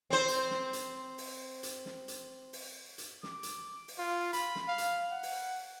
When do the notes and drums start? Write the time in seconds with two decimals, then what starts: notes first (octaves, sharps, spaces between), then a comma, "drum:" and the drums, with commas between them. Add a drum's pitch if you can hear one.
0.10 C4 C5
0.28 drum: hi-hat
0.51 drum: snare
0.73 drum: hi-hat
1.18 drum: open hi-hat
1.63 drum: hi-hat
1.86 drum: snare
2.08 drum: hi-hat
2.53 drum: open hi-hat
2.98 drum: hi-hat
3.23 D6, drum: snare
3.43 drum: hi-hat
3.88 drum: open hi-hat
3.98 F4
4.33 B5, drum: hi-hat
4.55 drum: snare
4.68 F5
4.78 drum: hi-hat
5.12 F#5
5.23 drum: open hi-hat